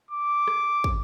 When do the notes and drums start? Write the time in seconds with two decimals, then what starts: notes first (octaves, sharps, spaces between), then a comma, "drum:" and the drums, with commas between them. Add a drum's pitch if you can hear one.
0.11 D6
0.48 drum: rim click
0.84 drum: kick